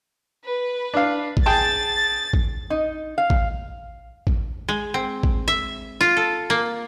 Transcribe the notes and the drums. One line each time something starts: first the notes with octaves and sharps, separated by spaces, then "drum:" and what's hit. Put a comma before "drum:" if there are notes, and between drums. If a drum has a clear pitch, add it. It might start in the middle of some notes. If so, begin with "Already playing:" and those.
B4
D4 F5
drum: kick A1
G#4 G5 A5 A6
drum: kick A1
D#4
F5
drum: kick A1
drum: kick A1
G#3
C4
drum: kick A1
E5
F4
A4
A#3